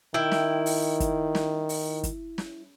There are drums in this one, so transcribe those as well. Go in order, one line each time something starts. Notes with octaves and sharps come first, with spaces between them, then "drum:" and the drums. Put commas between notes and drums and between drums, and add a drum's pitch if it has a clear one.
D#3 E4 G5
drum: snare
drum: open hi-hat
drum: kick, hi-hat
drum: snare
drum: open hi-hat
drum: kick, hi-hat
drum: snare